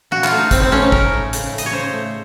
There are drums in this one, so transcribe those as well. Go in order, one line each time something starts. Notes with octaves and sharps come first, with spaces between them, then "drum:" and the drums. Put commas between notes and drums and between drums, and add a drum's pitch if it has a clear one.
A#2 F#4
F4, drum: clap
A3
D#4
A2 C4, drum: kick, hi-hat
C4
A3 C#4
D#4
A2 A#4, drum: kick
A3
C#3, drum: hi-hat
A3
D#5, drum: hi-hat
C#5
C#3 C5
A3